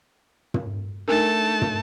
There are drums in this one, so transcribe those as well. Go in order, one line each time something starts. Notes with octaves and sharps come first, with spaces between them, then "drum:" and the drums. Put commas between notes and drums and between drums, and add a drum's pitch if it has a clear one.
drum: tom
A3 D4 D#4 A#4 A5
drum: tom